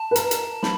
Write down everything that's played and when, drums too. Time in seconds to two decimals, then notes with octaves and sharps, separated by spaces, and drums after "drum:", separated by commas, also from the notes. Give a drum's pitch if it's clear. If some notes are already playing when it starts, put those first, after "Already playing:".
Already playing: A5
0.11 B4
0.16 A#4, drum: hi-hat
0.31 drum: hi-hat
0.63 B5, drum: snare